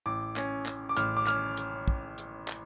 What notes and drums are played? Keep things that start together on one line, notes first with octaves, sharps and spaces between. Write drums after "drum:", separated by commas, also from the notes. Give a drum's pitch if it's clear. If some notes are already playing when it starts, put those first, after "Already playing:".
A1 D6
C#4, drum: clap
C#4, drum: clap
D6
A1 F6, drum: hi-hat
D6
C#4 F6, drum: clap
drum: hi-hat
drum: kick
drum: hi-hat
drum: clap